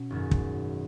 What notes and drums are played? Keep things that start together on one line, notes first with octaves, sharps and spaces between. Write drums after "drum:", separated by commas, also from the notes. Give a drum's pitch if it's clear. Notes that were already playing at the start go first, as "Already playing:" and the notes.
Already playing: B2 C#4
G#1 F#2 D#3
drum: kick